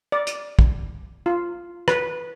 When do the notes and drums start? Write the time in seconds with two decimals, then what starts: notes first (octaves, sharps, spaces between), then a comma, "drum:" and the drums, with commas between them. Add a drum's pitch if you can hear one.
0.12 D5
0.27 drum: hi-hat
0.59 drum: kick
1.26 F4
1.88 B4, drum: rim click